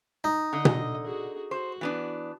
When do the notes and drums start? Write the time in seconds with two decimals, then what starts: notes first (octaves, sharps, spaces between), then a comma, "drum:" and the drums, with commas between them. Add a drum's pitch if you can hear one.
0.24 D#4
0.53 D3 D#5
0.65 drum: tom B2
1.05 F#4 G#4
1.51 F#4 C5
1.81 E3 B3 D4